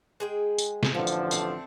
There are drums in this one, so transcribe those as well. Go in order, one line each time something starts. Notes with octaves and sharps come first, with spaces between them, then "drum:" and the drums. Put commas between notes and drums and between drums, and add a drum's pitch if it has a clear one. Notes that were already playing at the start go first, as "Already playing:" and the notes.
G#3 G#4 G5
drum: tambourine
drum: snare
A1 D3 F3 A4
drum: tambourine
A3 C4 D4, drum: tambourine